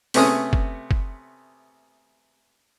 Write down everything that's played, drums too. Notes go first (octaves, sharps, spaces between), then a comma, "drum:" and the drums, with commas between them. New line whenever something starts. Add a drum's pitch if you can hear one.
C3 A3 B3 C#4 G#4 D#6, drum: open hi-hat
drum: kick F#1
drum: kick F#1